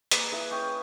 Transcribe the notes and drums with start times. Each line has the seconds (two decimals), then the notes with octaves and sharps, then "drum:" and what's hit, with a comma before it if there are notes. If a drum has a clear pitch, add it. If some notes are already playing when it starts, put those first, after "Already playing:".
0.11 A#3 G#4 B4, drum: hi-hat
0.32 E4 G#4
0.51 C#4 D#5 G5